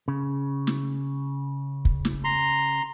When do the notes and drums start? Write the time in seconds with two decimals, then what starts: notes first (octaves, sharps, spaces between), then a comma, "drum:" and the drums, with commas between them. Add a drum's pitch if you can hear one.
0.08 C#3
0.67 drum: snare
1.85 drum: kick
2.05 drum: snare
2.24 A#5 C6